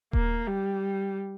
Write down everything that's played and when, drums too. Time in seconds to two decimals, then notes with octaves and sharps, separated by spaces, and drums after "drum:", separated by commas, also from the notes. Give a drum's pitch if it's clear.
0.13 A#3, drum: kick D#1
0.47 G3